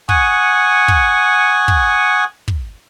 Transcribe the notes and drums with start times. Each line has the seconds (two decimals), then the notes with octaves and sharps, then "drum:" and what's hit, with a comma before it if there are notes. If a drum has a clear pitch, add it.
0.09 F#5 G#5 C#6 D#6, drum: kick
0.88 drum: kick
1.68 drum: kick
2.48 drum: kick